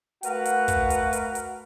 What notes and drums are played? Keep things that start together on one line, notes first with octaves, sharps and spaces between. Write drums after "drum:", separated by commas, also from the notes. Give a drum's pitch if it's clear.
A3 F#4 A#4 B4 F5 F#5, drum: hi-hat
drum: hi-hat
drum: kick, hi-hat
drum: hi-hat
drum: hi-hat
drum: hi-hat